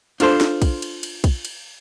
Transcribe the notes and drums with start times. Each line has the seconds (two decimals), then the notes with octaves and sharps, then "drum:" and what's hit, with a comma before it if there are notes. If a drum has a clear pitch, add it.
0.20 D4 F4 A4 C5, drum: cymbal
0.41 drum: snare
0.62 drum: kick, cymbal
0.82 drum: cymbal
1.03 drum: cymbal
1.24 drum: kick, cymbal
1.45 drum: cymbal